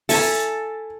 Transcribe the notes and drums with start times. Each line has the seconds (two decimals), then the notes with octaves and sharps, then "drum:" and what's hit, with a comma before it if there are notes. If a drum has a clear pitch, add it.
0.09 E4 A4 G#5 A5, drum: open hi-hat